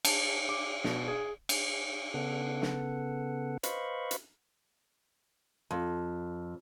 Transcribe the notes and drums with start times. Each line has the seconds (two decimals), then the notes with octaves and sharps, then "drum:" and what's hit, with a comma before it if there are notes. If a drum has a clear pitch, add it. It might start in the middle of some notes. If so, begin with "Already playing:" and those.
0.05 A5, drum: cymbal
0.49 D6
0.84 B2, drum: snare
1.08 G#4
1.49 drum: cymbal
2.14 C#3 B3 A4 F#5
2.62 drum: snare
3.63 B4 C5 D#5 F5 B5 C#6, drum: hi-hat
4.11 drum: hi-hat
5.71 F2